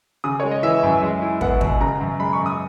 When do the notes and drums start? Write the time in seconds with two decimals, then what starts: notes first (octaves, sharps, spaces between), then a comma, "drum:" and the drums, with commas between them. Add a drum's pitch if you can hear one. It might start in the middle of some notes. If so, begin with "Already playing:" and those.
0.24 C#3 D#6
0.40 G#3 C#5
0.51 D#5
0.63 E3 E5
0.83 F#2
1.03 G#3
1.22 E4
1.41 B3 F#5, drum: kick
1.61 B2, drum: kick
1.81 C#3 A#5
2.01 F#2
2.20 G#3 B5
2.33 C#6
2.40 F#2
2.46 D#6